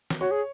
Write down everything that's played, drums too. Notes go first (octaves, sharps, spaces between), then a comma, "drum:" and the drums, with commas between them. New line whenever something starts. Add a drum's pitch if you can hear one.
drum: snare
F#4 C#5
G#4